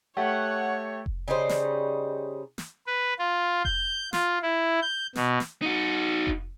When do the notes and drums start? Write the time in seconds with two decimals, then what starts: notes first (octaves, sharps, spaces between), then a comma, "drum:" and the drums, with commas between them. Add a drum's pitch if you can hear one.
0.17 A3 G4 C#5 F#5
1.06 drum: kick F1
1.28 C#3 G3 D#4 C5
1.49 drum: snare
2.58 drum: snare
2.87 B4
3.19 F4
3.65 G6, drum: kick F1
4.13 F4, drum: snare
4.43 E4
4.82 G6
5.15 B2, drum: snare
5.40 drum: snare
5.62 D#4 F#4
6.27 drum: kick F1